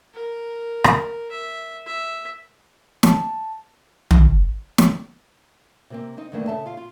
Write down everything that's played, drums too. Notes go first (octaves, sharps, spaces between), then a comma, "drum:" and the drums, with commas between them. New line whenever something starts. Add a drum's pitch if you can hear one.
A#4
drum: rim click
E5
E5
A5, drum: snare
drum: tom
drum: snare
C3 A#3 C4
C4 D#4
G2 D#3 E3 A3 A#3 D4
C#3 A4 E5 A5
F4 F5
F4